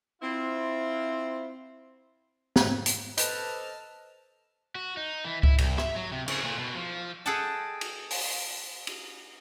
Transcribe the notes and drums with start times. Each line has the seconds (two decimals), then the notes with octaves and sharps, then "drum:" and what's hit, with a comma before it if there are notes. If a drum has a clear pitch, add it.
0.22 C4 E4 F4
2.56 drum: snare
2.86 drum: hi-hat
3.17 A4 B4 C5 D5 D#5 A5 F6, drum: hi-hat
4.75 F#4
4.97 D#4
5.24 E3
5.43 E4, drum: kick C#2
5.58 C2, drum: cymbal
5.78 E5, drum: rim click
5.96 F#3
6.12 C3
6.28 C#3, drum: cymbal
6.44 A#2
6.59 B2
6.75 F3
7.26 G#4 A4 D#5 F#5 G5 A5
7.81 drum: cymbal
8.10 drum: open hi-hat
8.87 drum: cymbal